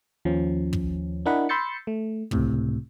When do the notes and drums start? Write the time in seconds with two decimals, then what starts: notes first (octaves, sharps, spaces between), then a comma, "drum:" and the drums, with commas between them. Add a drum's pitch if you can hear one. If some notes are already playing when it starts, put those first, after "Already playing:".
0.25 D#2 F3 C#4
0.73 drum: kick
1.26 D4 E4 A#4 D#5 F#5 B5
1.49 B5 C6 E6 G6 A6 C#7
1.87 A3
2.31 C#2 A2 C3, drum: kick